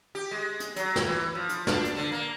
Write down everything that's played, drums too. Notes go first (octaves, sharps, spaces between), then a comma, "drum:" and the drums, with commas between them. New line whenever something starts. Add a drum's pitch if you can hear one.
G4
G#3
drum: hi-hat
F#3, drum: hi-hat
drum: snare
E3
F3
drum: hi-hat
D4, drum: snare
drum: hi-hat
D3
A#3